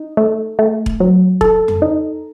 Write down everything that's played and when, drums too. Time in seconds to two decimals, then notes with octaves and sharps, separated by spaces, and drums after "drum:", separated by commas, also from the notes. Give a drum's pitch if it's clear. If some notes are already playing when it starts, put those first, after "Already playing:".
Already playing: D#4
0.17 A3
0.59 A3
0.86 drum: kick E1
1.00 F#3
1.41 A4, drum: kick E1
1.68 drum: tom F2
1.82 D#4